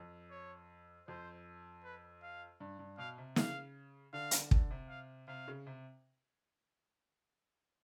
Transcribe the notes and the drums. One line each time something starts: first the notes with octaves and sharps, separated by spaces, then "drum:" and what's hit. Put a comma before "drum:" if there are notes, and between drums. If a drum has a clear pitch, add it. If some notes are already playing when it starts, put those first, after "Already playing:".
Already playing: F2
C#5
F2 C5
B4
F5
G2
G2
B2 F5
C3
C#3 F5, drum: snare
D3 F5
drum: hi-hat
D3, drum: kick
C3
F5
C3 F5
C#3
C3